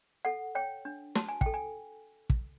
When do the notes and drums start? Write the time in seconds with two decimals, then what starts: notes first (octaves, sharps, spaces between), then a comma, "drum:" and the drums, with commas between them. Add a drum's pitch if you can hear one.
0.25 A4 F#5
0.55 C#5 G5
0.85 D4
1.15 F#4 A5, drum: snare
1.29 G#5
1.41 G5, drum: kick
1.46 A4
1.54 G#5
2.30 drum: kick